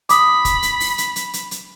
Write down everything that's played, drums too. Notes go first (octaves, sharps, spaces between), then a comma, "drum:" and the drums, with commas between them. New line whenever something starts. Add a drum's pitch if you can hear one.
B5 D6 D#6, drum: hi-hat
drum: kick, hi-hat
drum: hi-hat
drum: open hi-hat
drum: hi-hat
drum: hi-hat
drum: hi-hat
drum: hi-hat